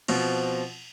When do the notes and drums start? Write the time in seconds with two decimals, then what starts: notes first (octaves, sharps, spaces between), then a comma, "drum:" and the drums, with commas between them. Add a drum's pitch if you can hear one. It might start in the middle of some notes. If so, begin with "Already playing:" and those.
0.08 B2 F3 C4, drum: cymbal